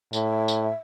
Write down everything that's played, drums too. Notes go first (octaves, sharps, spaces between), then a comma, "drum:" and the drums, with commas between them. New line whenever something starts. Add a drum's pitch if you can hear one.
A2 E5, drum: tambourine
drum: tambourine